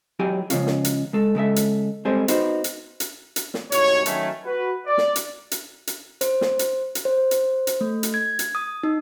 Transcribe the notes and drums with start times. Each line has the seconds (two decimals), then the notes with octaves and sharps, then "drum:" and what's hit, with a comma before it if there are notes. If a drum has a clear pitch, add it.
0.19 F#3 E4 G4 G#4 G#5
0.50 C#3 E3 F3 G#3 C#4 F4, drum: hi-hat
0.67 drum: snare
0.85 drum: hi-hat
1.13 G#3 A4
1.35 C#3 G#3 A4 E5
1.56 drum: hi-hat
2.05 G3 G#3 C4 G#4 A4 C5
2.28 B3 D#4 F#4 C5, drum: hi-hat
2.64 drum: hi-hat
3.00 drum: hi-hat
3.36 drum: hi-hat
3.54 drum: snare
3.72 C2 G#2 D#4 F#4 C#5, drum: hi-hat
4.06 D#3 F#3 A3 C#4, drum: hi-hat
4.45 F#4 B4
4.86 D5
4.98 drum: snare
5.16 drum: hi-hat
5.51 drum: hi-hat
5.87 drum: hi-hat
6.21 C5, drum: hi-hat
6.41 drum: snare
6.59 drum: hi-hat
6.95 drum: hi-hat
7.05 C5
7.31 drum: hi-hat
7.67 drum: hi-hat
7.81 A3
8.03 drum: hi-hat
8.14 G#6
8.39 drum: hi-hat
8.55 D#6
8.83 D#4